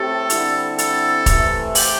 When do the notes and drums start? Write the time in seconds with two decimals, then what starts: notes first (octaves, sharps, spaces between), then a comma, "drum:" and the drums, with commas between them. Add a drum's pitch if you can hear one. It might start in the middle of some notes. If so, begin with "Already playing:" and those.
Already playing: A2 A3 C4 G4 A4
0.30 D3 G3 C4 E4, drum: hi-hat
0.78 A4, drum: hi-hat
1.26 C3 E3 A3, drum: kick, hi-hat
1.75 G4, drum: open hi-hat